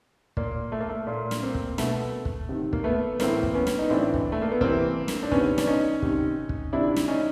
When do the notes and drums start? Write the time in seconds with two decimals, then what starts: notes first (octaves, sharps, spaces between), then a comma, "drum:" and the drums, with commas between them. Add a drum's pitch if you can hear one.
0.37 A#2 A#3, drum: kick
0.72 A3
0.80 A#3
0.89 A3
1.07 A#2 A#3
1.31 drum: snare
1.43 A#3 C4
1.55 drum: kick
1.78 B2 A3, drum: snare
2.25 drum: kick
2.49 C3 D#3
2.73 A#3, drum: kick
2.84 A3 B3
3.20 A2 E3 A#3 C4, drum: snare
3.43 drum: kick
3.54 B3 C#4
3.67 drum: snare
3.78 D#4
3.90 A2 E3 C4 D4
4.14 drum: kick
4.32 A3
4.42 A#3
4.52 B3
4.61 C3 E3 A#3 C4, drum: kick
5.08 drum: snare
5.23 D4
5.32 C3 D#3 B3 C#4, drum: kick
5.58 D4, drum: snare
5.67 C#4 D#4
6.02 C3 D#3, drum: kick
6.49 drum: kick
6.73 C3 D#3 D4 E4
6.96 drum: snare
7.08 C#4 D#4